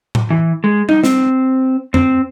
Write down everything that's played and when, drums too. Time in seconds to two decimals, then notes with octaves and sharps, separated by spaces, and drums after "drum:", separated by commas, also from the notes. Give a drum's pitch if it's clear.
0.15 drum: tom A2
0.30 E3
0.64 G#3
0.89 D#4, drum: tom
1.03 C4, drum: snare
1.94 C4, drum: tom F2